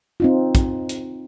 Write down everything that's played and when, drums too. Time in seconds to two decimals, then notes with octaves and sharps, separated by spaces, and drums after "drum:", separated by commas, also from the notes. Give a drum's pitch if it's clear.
0.20 C4 D#4 F4
0.55 drum: kick, hi-hat
0.89 drum: hi-hat